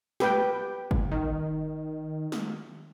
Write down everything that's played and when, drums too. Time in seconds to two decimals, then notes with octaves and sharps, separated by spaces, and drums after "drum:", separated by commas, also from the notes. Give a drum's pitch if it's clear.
0.20 G4 B4 G5, drum: snare
0.91 drum: kick G1
1.11 D#3
2.32 drum: snare